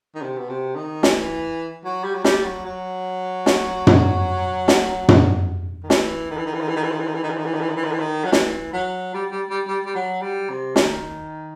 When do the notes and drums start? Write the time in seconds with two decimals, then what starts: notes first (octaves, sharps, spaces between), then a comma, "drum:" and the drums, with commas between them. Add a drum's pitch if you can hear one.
0.15 D#3
0.22 C3
0.38 B2
0.49 C3
0.76 D#3
1.03 E3, drum: snare
1.85 F#3
2.04 G3
2.15 F#3
2.24 G3, drum: snare
2.45 F#3
2.65 F#3
3.46 drum: snare
3.87 drum: tom
4.68 drum: snare
5.08 drum: tom
5.83 D#3
5.90 E3, drum: snare
6.31 D#3
6.37 E3
6.46 D#3
6.54 E3
6.61 D#3
6.68 E3
6.76 D#3
6.84 E3
6.92 D#3
6.99 E3
7.07 D#3
7.15 E3
7.23 D#3
7.30 E3
7.37 D#3
7.45 E3
7.54 D#3
7.61 E3
7.69 D#3
7.77 E3
7.84 D#3
7.92 E3
7.99 D#3
8.24 F#3
8.32 E3, drum: snare
8.73 F#3
9.14 G3
9.32 G3
9.50 G3
9.68 G3
9.86 G3
9.95 F#3
10.22 G3
10.49 C3
10.76 D#3, drum: snare